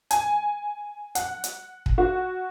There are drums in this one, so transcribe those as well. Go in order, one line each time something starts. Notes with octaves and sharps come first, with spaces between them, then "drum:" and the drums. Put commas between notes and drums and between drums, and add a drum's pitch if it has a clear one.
G#5, drum: hi-hat
F#5, drum: hi-hat
drum: hi-hat
drum: kick
F#4